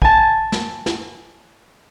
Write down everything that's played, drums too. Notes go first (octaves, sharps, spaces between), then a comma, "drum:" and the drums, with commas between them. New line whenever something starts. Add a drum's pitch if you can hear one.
G#5 A5, drum: kick
drum: snare
drum: snare